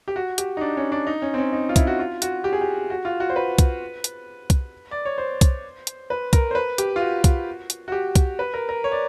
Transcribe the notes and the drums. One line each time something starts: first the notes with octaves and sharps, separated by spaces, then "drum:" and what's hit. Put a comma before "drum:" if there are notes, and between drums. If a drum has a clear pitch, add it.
G4
F#4
G4, drum: hi-hat
D#4
D4
C#4
D4
D#4
C#4
C4
C#4
D#4
F4
E4, drum: kick, hi-hat
F#4
F4
F#4, drum: hi-hat
G4
G#4
G4
F#4
F4
F#4
C5
B4
drum: kick, hi-hat
drum: hi-hat
drum: kick, hi-hat
D5
C#5
C5
drum: kick, hi-hat
drum: hi-hat
B4
A#4, drum: kick, hi-hat
C5
B4
G4, drum: hi-hat
F4
F#4
drum: kick, hi-hat
drum: hi-hat
F#4
G4
drum: kick, hi-hat
B4
A#4
A#4
C#5
D5